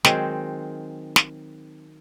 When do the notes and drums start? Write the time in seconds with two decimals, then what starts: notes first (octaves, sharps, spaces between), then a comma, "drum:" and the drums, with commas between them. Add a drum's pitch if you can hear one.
0.05 D#3 F#3 G#3 C4, drum: snare
1.16 drum: snare